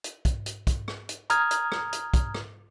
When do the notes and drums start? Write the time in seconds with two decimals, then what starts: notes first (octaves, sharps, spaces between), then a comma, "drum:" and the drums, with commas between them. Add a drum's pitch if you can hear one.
0.04 drum: hi-hat
0.25 drum: kick, hi-hat
0.46 drum: hi-hat
0.67 drum: kick, hi-hat
0.88 drum: rim click
1.09 drum: hi-hat
1.30 A#5 D#6 F6 G#6, drum: hi-hat
1.51 drum: hi-hat
1.72 drum: rim click
1.93 drum: hi-hat
2.14 drum: kick, hi-hat
2.35 drum: rim click